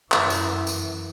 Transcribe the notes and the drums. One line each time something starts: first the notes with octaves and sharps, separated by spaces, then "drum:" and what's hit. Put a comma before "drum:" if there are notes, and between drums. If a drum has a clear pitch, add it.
F#2 E3, drum: clap
drum: tambourine
drum: tambourine